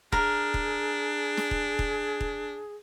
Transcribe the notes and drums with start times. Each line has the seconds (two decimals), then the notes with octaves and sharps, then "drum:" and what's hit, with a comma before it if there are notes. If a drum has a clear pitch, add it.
0.12 D4 G#4 A#4, drum: kick
0.54 drum: kick
1.37 drum: snare
1.51 drum: kick
1.79 drum: kick
2.21 drum: kick